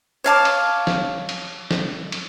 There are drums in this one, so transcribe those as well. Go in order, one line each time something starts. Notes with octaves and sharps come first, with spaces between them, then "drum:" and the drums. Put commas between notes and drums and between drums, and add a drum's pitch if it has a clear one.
C#5 F5 A5 D6
drum: cymbal
drum: snare
drum: cymbal
drum: snare
drum: cymbal